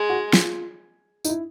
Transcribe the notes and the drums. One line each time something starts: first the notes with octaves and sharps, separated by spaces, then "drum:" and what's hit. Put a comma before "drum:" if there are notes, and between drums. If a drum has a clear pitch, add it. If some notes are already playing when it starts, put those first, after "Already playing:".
Already playing: G#3
F#4
F4, drum: snare
D#4, drum: tambourine
E4